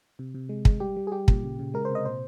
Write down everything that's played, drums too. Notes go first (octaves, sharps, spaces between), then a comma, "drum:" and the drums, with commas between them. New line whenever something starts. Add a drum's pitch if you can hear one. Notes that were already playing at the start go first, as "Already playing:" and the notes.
C3
C3
G#3
G#3, drum: kick
G3 G4
G3
G#4
G3 G4
A#2, drum: kick
C#3
C#3
G#3 A#4
C3 C5
D#5
A#2 C5